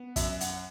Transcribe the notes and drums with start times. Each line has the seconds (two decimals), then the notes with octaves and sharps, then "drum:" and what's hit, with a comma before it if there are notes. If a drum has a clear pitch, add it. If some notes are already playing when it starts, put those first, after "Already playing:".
Already playing: B3
0.16 F#2 E5, drum: kick, hi-hat
0.41 F#5, drum: hi-hat